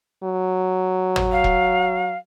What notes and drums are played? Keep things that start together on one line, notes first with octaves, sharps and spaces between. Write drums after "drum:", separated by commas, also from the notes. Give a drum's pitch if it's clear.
F#3
drum: tom G#1
F5
drum: kick E1